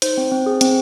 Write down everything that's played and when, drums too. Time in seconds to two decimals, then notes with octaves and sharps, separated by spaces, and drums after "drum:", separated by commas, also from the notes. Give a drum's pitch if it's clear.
0.02 D#4 C5, drum: hi-hat
0.17 C4
0.32 C4
0.46 G#4
0.61 C4, drum: hi-hat